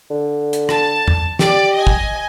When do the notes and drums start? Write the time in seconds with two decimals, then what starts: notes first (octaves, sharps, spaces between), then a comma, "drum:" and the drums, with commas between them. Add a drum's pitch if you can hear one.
0.10 D3
0.53 drum: hi-hat
0.69 A5, drum: rim click
1.08 drum: tom E2
1.39 G4 D5, drum: snare
1.75 D#5 G#5
1.87 drum: kick